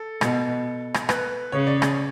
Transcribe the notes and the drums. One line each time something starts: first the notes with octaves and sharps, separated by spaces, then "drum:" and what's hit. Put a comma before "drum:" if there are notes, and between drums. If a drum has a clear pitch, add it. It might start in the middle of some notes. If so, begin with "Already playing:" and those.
Already playing: A4
B2, drum: rim click
drum: rim click
B4, drum: rim click
C#3 C#5
D5
D5, drum: rim click